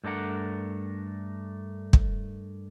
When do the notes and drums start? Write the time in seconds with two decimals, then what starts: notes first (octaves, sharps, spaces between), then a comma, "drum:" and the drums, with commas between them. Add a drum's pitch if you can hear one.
0.04 G2 A3 D4 A#4 F#5
1.93 drum: kick